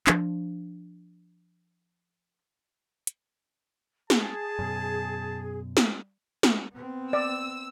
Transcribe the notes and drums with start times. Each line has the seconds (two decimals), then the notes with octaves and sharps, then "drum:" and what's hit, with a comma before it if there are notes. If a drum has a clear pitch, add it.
0.07 F3 D4, drum: clap
3.07 drum: hi-hat
4.10 G#4 A5, drum: snare
4.59 F#2 B2
5.77 drum: snare
6.43 drum: snare
6.72 B3 C4
7.13 D5 E6